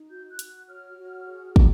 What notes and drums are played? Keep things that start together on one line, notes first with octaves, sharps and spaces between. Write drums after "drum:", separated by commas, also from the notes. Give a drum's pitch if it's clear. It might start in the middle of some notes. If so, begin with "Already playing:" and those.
Already playing: D#4
F#4 G6
F#6
F#4, drum: hi-hat
F#6
C#5 F6
F#4
G#4
E4, drum: kick